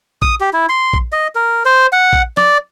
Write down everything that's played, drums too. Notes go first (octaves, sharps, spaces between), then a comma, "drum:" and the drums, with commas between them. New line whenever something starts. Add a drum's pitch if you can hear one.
D#6, drum: kick A#1
G4
E4
C6
drum: kick A#1
D#5
A#4
C5
F#5
drum: kick A#1
D5, drum: snare